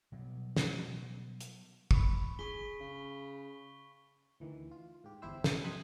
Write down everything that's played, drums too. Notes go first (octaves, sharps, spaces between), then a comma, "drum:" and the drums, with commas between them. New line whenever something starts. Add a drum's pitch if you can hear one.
B2 F#3 G3
drum: snare
drum: hi-hat
B5 C#6, drum: kick
G#4 C#6 B6 G7
C#3
D2 D#3 E3
F4
G#2 G4
G1 E2 E4 G4 C5 E6
G#4 G5, drum: snare
C6 D#6 F#6 G#6 B6